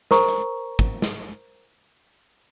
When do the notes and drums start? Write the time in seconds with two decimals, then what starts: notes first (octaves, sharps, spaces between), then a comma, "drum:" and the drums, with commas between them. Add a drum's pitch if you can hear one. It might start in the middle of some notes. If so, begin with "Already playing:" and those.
0.11 A#4 C5 A#5 C#6, drum: snare
0.29 drum: hi-hat
0.79 drum: kick
1.02 drum: snare